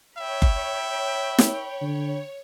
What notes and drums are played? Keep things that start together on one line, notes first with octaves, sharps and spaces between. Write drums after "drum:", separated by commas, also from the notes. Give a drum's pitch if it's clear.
C#5 E5 G5 B5
drum: kick F#1
drum: snare
D3